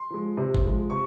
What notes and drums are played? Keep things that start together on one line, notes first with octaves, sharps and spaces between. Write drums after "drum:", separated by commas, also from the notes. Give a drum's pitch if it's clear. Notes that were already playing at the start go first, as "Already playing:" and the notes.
Already playing: C6
F3 G#3
C3
drum: kick G1
F3 G#3
C3 C#6